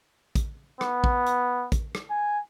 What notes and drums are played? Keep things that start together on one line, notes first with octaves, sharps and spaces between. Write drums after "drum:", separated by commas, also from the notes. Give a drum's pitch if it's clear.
drum: kick, hi-hat
B3, drum: rim click
drum: kick
drum: hi-hat
drum: kick, hi-hat
drum: rim click
G#5